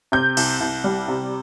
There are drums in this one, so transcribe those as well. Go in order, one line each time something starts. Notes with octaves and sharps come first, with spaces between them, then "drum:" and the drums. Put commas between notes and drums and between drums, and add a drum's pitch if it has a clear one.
C3 G6
C2, drum: cymbal
C2
G3
C3